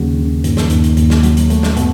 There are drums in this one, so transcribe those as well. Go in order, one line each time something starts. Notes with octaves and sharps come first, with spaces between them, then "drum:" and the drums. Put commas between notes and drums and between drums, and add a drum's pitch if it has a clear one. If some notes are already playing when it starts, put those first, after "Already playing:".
Already playing: D#2 C#3 F#3
C#3
D#2, drum: hi-hat
drum: snare
D#2, drum: hi-hat
drum: hi-hat
D#2, drum: hi-hat
drum: snare
F#3, drum: hi-hat
drum: hi-hat
A3, drum: hi-hat
drum: snare
B2, drum: hi-hat